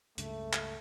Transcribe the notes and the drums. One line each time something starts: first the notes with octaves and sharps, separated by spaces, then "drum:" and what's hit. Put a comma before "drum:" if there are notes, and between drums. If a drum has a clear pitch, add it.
C#2 G2 C#3 A3, drum: hi-hat
drum: clap